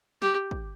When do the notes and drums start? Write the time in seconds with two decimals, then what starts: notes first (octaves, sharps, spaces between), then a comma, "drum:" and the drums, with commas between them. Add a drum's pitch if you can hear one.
0.22 G4, drum: snare
0.51 drum: kick